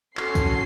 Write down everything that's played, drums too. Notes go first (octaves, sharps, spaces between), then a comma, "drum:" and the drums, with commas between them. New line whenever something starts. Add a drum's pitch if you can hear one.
C#4 F#4 A4 C6 C7, drum: clap
drum: kick, tambourine